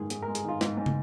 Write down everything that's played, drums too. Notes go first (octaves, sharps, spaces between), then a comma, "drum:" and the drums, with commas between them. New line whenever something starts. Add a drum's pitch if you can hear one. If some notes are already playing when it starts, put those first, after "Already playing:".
Already playing: G#2 D#3 G#3 G#4
G#2 G#4, drum: hi-hat
A#4
G#3
G#4, drum: hi-hat
D#3 F4
G#2, drum: snare
G#2
drum: tom